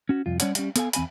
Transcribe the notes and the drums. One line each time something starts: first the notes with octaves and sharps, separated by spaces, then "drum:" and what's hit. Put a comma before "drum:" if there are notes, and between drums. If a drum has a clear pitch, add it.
C#4 F#4
C2 F2 F4
G3 C#4 C#5 D5 F#5, drum: hi-hat
G3 C#4, drum: hi-hat
B3 A4 F5 G#5, drum: hi-hat
E2 C4 G#5 B5, drum: hi-hat